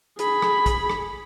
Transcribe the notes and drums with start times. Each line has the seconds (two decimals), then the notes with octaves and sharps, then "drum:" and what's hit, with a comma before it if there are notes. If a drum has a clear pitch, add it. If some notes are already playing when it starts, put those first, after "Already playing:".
0.19 G#4 B5, drum: hi-hat
0.42 drum: rim click
0.66 drum: kick, hi-hat
0.90 drum: rim click